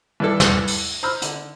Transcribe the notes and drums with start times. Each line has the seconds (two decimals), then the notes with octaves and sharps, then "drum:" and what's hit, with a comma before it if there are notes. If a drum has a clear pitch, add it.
0.20 G2 E3 D4 E4 A4
0.40 drum: snare
0.67 drum: open hi-hat
1.03 C5 A#5 B5 E6 F6
1.22 D3, drum: hi-hat